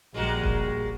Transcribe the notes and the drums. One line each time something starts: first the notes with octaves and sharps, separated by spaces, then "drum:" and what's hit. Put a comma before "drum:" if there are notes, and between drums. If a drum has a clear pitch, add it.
A#1 G3 G#3 A#3 F#4
drum: kick F1